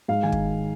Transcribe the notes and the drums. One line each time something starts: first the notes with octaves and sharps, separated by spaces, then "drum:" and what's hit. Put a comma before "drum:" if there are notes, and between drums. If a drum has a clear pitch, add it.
G#2 F5
D#3 G#5
drum: kick